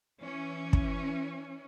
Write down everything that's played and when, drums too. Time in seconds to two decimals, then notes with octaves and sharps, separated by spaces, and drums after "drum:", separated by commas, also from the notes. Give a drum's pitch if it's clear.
0.21 E3 C#4
0.73 drum: kick